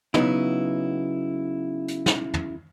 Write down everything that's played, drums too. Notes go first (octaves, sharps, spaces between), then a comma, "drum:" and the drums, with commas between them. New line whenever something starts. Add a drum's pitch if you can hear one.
C#3 F#3 B3 D#4 E4, drum: tom
drum: hi-hat
drum: snare
drum: tom